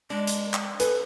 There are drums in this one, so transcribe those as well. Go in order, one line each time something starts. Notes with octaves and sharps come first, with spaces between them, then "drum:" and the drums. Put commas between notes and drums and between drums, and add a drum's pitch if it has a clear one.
G#3 D4
drum: hi-hat
drum: clap
A4 B4 G#5, drum: hi-hat